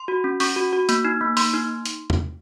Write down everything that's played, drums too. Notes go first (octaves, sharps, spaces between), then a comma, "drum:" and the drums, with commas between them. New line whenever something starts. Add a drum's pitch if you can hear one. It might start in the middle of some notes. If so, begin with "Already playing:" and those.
Already playing: C6
F#4
C#4
C#4 C#6, drum: open hi-hat
F#4
F#4
A#3, drum: hi-hat
D#4
A#3
A#3 C6, drum: open hi-hat
D#4
drum: hi-hat
drum: tom E2